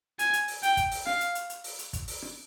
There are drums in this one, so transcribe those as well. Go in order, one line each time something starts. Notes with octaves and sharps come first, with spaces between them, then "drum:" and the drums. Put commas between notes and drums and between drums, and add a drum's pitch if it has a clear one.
G#5, drum: hi-hat
drum: hi-hat
drum: open hi-hat
G5, drum: hi-hat
drum: kick, hi-hat
drum: open hi-hat
F5, drum: rim click
drum: hi-hat
drum: hi-hat
drum: hi-hat
drum: open hi-hat
drum: hi-hat
drum: kick, hi-hat
drum: open hi-hat
drum: rim click